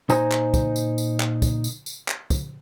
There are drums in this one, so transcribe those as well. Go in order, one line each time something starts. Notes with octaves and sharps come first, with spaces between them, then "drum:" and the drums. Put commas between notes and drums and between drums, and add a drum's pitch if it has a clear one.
A#2 D#4 C5 G#5 A#5, drum: tambourine
drum: clap
drum: kick, tambourine
drum: tambourine
drum: tambourine
drum: clap
drum: kick, tambourine
drum: tambourine
drum: tambourine
drum: clap
drum: kick, tambourine